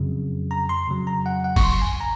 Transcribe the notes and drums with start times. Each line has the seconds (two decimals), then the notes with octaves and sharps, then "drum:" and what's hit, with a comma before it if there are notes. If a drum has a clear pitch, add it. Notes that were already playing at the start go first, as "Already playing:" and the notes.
Already playing: F2 C#3 F#3
0.51 A#5
0.69 C6
0.88 F2 C#3 F#3
1.07 A#5
1.26 F#5
1.44 F#5
1.56 C#6, drum: kick G1, open hi-hat
1.63 C6
1.82 G#5
2.01 A#5